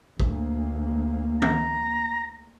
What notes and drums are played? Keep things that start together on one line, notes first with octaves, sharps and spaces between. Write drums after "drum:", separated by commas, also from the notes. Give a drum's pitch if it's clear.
D2 A#3, drum: kick
A#5, drum: tom